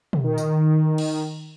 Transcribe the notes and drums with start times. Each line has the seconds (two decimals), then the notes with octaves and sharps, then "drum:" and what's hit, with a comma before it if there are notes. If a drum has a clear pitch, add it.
0.13 drum: tom
0.24 D#3
0.38 drum: tambourine
0.98 drum: cymbal